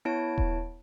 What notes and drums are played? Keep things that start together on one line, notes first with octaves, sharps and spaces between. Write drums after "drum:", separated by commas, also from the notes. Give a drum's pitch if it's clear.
B3 E4 C#5 A5 D7
drum: kick D#1